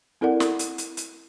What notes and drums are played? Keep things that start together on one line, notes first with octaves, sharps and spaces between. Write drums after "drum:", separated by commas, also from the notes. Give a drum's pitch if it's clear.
C4 E4 A4 A#4 D5 F#5
drum: snare
drum: hi-hat
drum: hi-hat
drum: hi-hat